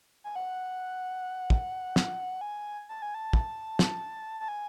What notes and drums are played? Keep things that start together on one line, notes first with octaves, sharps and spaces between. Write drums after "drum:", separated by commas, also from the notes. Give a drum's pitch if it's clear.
G#5
F#5
drum: kick
drum: snare
G#5
A5
G#5
A5
drum: kick
drum: snare
A5
G#5